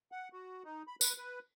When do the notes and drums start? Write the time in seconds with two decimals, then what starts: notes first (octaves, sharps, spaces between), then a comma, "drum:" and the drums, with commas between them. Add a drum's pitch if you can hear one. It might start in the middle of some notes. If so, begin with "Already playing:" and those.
0.12 F#5
0.33 F#4
0.64 D#4
0.87 B5
1.01 B4, drum: tambourine
1.18 B4